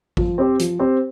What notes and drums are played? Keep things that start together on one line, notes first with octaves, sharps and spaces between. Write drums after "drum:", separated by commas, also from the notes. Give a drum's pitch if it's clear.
F3, drum: kick A1
C4 G4 C5
F3, drum: hi-hat
C4 G4 C5